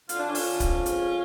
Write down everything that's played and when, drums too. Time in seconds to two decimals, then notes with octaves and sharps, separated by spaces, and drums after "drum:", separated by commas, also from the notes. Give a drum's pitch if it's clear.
0.09 D3 F4, drum: hi-hat
0.19 D4
0.28 C#4 F4
0.35 D3, drum: open hi-hat
0.60 F2, drum: kick D1, hi-hat
0.86 G#2, drum: hi-hat